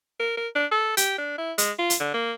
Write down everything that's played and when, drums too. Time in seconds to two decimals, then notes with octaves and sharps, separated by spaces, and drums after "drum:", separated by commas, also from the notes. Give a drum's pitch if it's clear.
0.20 A#4
0.37 A#4
0.55 D4
0.72 A4
0.97 G4, drum: hi-hat
1.18 D4
1.38 E4
1.58 G#3, drum: hi-hat
1.79 F4
1.90 drum: hi-hat
2.00 D3
2.14 A#3